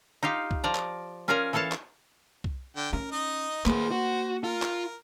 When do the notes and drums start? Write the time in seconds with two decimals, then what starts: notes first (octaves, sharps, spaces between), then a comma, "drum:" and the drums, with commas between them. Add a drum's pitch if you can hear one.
0.23 D#4 F4 G4 F5
0.51 drum: kick
0.64 F3 D5 A#5
0.75 drum: clap
1.28 C#4 F4 A#4 D5 G#5 A#5
1.53 E3 A4 C#5 F5 A5
1.72 drum: clap
2.44 drum: kick
2.76 D3 G5
2.93 C#4 A#4
3.12 D#4 D#5
3.66 A#3 G#4 B4 C5, drum: clap
3.91 F#4
4.44 F4 A#4
4.62 drum: clap